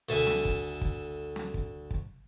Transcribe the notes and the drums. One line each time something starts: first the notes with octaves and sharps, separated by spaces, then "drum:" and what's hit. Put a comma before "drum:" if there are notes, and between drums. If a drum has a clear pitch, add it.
D2 A4 E5 G#5
drum: snare
drum: kick
drum: kick
drum: snare
drum: kick
drum: kick